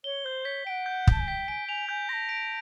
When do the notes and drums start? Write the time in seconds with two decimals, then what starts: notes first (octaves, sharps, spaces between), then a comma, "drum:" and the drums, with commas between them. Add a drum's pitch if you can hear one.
0.04 C#5 G7
0.25 C5 G6
0.45 C#5 B6
0.66 F#5 G5 D7
0.86 G6
1.07 A5 G6, drum: kick
1.20 G#5
1.27 G5 B6
1.48 G#5 D7
1.68 G#5 F7
1.89 G#5 G6
2.09 A5 C6 A#6
2.29 D7